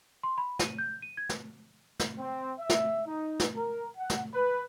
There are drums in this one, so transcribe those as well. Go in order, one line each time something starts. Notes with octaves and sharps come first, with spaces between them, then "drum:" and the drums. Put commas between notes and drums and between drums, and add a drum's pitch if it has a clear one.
C6
B5
D#7, drum: snare
G6
D#7
G#6
drum: snare
drum: snare
C4
E5
drum: snare
D#4
drum: snare
A#4
F#5
drum: snare
B4